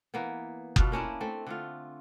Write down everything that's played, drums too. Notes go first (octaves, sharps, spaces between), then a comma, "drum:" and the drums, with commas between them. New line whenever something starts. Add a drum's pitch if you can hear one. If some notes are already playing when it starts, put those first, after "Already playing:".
E3 A#3 B3
B2 D4 F4 B4, drum: kick F#1
A#3 C#4 D4 E4
A3 C4
D3 A3 F4